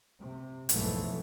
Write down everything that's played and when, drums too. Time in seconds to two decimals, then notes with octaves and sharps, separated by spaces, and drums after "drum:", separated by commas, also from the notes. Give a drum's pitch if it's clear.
0.19 C3
0.69 B1 F2 G#2 E3 F3 A3, drum: hi-hat